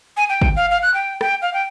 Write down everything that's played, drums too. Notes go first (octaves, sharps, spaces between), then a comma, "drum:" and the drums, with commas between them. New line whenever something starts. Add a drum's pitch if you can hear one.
G#5
G5
drum: kick
F5
F5
F#6
G5
G5, drum: rim click
F5
G5